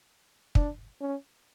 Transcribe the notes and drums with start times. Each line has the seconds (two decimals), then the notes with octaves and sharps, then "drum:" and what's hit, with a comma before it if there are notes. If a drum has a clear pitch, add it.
0.55 D4, drum: kick
1.01 C#4